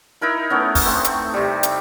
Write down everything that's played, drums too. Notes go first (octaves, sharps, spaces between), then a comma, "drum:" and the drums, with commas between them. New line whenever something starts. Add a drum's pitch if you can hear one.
D#4 E4 A#4 B5
A3 B3 C#4
drum: kick, open hi-hat
A3 C4
drum: hi-hat
C3 G3
drum: hi-hat